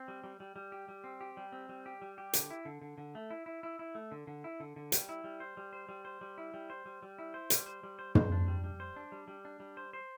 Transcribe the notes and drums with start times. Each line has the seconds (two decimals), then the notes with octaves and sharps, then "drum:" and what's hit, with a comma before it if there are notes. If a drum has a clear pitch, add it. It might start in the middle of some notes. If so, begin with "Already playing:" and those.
Already playing: C4
0.08 G3
0.24 G3
0.40 G3
0.56 G3
0.72 G4
0.88 G3
1.04 C4
1.21 G4
1.37 G3
1.52 C4
1.69 G3
1.86 G4
2.02 G3
2.18 G4
2.33 D3, drum: hi-hat
2.50 E4
2.65 D3
2.81 D3
2.98 D3
3.15 A3
3.30 E4
3.46 E4
3.63 E4
3.79 E4
3.95 A3
4.12 D3
4.27 D3
4.44 E4
4.60 D3
4.76 D3
4.92 G3, drum: hi-hat
5.09 E4
5.24 G3
5.40 C5
5.57 G3
5.73 C5
5.89 G3
6.05 C5
6.21 G3
6.38 E4
6.54 G3
6.70 C5
6.86 G3
7.02 G3
7.19 E4
7.34 C5
7.50 G3, drum: hi-hat
7.66 C5
7.83 G3
7.99 C5
8.15 C5, drum: tom
8.32 D4
8.48 G3
8.64 G3
8.80 C5
8.96 D4
9.12 G3
9.28 G3
9.45 D4
9.60 G3
9.77 C5
9.93 C5